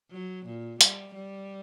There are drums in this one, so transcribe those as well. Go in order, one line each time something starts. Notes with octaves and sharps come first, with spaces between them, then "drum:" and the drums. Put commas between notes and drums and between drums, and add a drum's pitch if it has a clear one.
F#3
A#2
G3, drum: hi-hat
G3